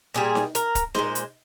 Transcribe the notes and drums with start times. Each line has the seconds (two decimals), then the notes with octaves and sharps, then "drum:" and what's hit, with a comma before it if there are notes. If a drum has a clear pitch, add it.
0.14 A#2 G3 G#4
0.35 drum: snare D#4
0.55 A#4, drum: hi-hat
0.75 drum: kick, hi-hat
0.95 A#2 G#3 C5, drum: snare D#4
1.15 drum: hi-hat